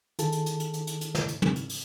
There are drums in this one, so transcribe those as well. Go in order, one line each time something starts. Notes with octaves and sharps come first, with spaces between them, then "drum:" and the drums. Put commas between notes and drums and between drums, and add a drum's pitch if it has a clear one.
D#3 F4 G#4 A4 A5, drum: hi-hat
drum: hi-hat
drum: hi-hat
drum: hi-hat
drum: hi-hat
drum: hi-hat
drum: hi-hat
drum: snare
drum: hi-hat
drum: tom
drum: hi-hat
drum: open hi-hat